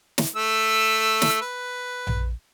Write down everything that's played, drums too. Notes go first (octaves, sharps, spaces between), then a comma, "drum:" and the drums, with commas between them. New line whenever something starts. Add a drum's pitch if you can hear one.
drum: snare
A3 E6
drum: snare
B4
drum: tom A#1